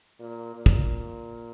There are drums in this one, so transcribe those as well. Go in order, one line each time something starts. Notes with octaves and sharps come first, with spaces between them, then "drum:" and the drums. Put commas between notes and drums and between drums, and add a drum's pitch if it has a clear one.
A#2
A#2
drum: kick